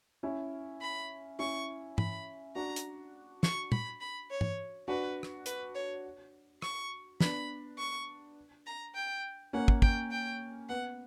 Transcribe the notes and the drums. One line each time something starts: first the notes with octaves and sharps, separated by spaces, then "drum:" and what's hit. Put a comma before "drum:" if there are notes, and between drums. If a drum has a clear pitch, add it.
C#4 E4
B5
C#4 E4 C#6
B5, drum: tom
D4 F#4 A#5
drum: hi-hat
C#6, drum: snare
B5, drum: tom
B5
C#5
drum: tom
D4 F#4 B4
drum: rim click
B4, drum: hi-hat
C#5
C#6, drum: rim click
B3 D4 B5, drum: snare
C#6
A#5
G5
A#3 C#4 F#5
drum: kick
G5, drum: kick
G5
B3 F#5